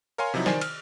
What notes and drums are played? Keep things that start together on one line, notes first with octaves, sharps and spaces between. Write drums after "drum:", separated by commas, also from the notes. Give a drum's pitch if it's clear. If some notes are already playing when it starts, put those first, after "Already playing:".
A#4 C#5 F5 G#5 C6
C3 F3 F#3 D#4 E4
D#3 C5 D5 G#5, drum: snare
F6, drum: cymbal